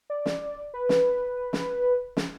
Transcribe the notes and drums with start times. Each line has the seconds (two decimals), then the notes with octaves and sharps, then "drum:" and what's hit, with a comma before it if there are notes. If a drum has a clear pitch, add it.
0.10 D5
0.26 drum: snare
0.74 B4
0.89 drum: snare
1.53 drum: snare
2.17 drum: snare